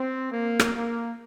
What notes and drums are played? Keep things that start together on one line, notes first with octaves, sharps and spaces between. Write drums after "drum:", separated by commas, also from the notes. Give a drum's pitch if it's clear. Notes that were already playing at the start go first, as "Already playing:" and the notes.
Already playing: C4
A#3
drum: rim click
A#3